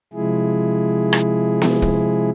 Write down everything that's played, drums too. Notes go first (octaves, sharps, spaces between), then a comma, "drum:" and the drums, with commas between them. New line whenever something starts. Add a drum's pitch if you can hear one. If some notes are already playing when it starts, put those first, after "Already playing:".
C3 F3 G#3 E4 G#4
drum: rim click
drum: snare B3
drum: kick